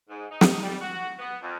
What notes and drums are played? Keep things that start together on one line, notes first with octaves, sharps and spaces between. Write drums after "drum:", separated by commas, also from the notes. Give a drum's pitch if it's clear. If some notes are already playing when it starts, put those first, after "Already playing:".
G#2
D#4
drum: snare
G3
F#4
B3
F2